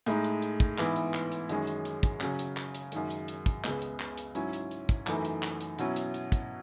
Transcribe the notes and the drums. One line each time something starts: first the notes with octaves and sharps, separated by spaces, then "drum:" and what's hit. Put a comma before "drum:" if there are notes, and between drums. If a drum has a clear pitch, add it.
A2 G#3 D#4, drum: hi-hat
drum: hi-hat
drum: hi-hat
drum: kick, hi-hat
G#2 E3 B3 E4, drum: clap
drum: hi-hat
drum: clap
drum: hi-hat
F#2 D#3 G#3 C#4, drum: hi-hat
drum: hi-hat
drum: hi-hat
drum: kick, hi-hat
C#3 F#3 C#4, drum: clap
drum: hi-hat
drum: clap
drum: hi-hat
F#2 D#3 G#3, drum: hi-hat
drum: hi-hat
drum: hi-hat
drum: kick, hi-hat
C#2 C#3 G#3 B3, drum: clap
drum: hi-hat
drum: clap
drum: hi-hat
G#2 F#3 C#4 E4, drum: hi-hat
drum: hi-hat
drum: hi-hat
drum: kick, hi-hat
F#2 E3 A3 D#4, drum: clap
drum: hi-hat
drum: clap
drum: hi-hat
B2 F#3 C#4 E4, drum: hi-hat
drum: hi-hat
drum: hi-hat
drum: kick, hi-hat